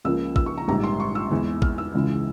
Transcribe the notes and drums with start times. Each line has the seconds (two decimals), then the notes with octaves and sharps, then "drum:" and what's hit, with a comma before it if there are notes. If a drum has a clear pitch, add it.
0.05 C#2 C#3 F3 A#3 E6
0.36 E6, drum: kick
0.46 C#6
0.58 A#5
0.68 A#1 G#2 G3 A#5
0.84 C6
1.00 C#6
1.15 E6
1.31 E2 E3 G#3
1.62 F6, drum: kick
1.78 E6
1.94 C#2 C#3 E3 G#3